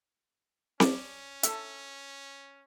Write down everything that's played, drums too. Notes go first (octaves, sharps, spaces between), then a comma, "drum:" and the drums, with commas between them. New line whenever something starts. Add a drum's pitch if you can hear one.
C#4 D5, drum: snare C4
A4 E5, drum: hi-hat